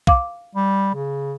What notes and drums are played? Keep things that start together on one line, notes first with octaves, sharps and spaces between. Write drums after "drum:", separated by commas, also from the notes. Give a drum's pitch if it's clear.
F5 D6, drum: kick
G3
C#3